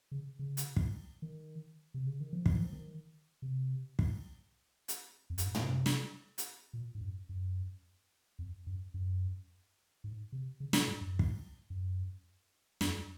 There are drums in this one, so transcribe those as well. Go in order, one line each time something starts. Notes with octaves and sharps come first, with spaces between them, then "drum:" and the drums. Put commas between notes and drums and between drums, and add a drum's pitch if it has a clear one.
C#3
C#3
drum: hi-hat
drum: kick
D#3
C3
C#3
D#3
F3
F#3, drum: kick
D#3
F3
F3
D#3
C3
drum: kick
drum: hi-hat
F2
F#2, drum: hi-hat
G#2
A#2, drum: tom
C3
drum: snare
drum: hi-hat
A#2
G#2
F#2
F#2
F2
F#2
F#2
G#2
C3
C#3
C3, drum: snare
G#2
F#2
drum: kick
F#2
F#2, drum: snare
F2